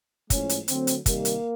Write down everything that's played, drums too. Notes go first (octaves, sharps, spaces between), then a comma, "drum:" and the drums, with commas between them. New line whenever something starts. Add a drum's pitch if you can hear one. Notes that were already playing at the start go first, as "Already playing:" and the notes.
A2 F3 G#3 C#4, drum: kick, hi-hat
drum: hi-hat
D3 F#3 A3 C4, drum: hi-hat
drum: hi-hat
C3 D#3 G3 A#3, drum: kick, hi-hat
drum: hi-hat